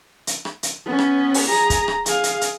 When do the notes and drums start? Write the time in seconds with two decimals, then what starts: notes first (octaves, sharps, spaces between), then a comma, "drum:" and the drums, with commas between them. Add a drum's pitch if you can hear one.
0.27 drum: hi-hat
0.45 drum: rim click
0.63 drum: hi-hat
0.86 B3 C#4
0.99 drum: rim click
1.34 drum: open hi-hat
1.48 G#4 A#5
1.70 drum: kick, hi-hat
1.88 drum: rim click
2.06 G#4 F5, drum: hi-hat
2.24 drum: hi-hat
2.41 drum: hi-hat